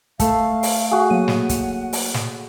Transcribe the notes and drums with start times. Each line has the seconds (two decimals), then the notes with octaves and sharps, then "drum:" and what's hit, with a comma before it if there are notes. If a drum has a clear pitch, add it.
0.20 A3 A4 F5, drum: kick, hi-hat
0.63 drum: open hi-hat
0.91 F#4 G#4
1.10 F#3 A#3 F#5 D#7
1.28 drum: snare
1.49 drum: kick, hi-hat
1.93 drum: open hi-hat
2.14 drum: snare